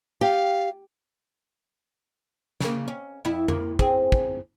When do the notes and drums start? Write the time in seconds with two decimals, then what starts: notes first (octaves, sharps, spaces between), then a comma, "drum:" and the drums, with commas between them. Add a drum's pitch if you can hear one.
0.21 G4 F5
2.60 C#3 A#3, drum: snare
2.88 C#4
3.25 F2 E4
3.48 A#3, drum: tom F2
3.79 C4 G#4, drum: kick
4.12 drum: kick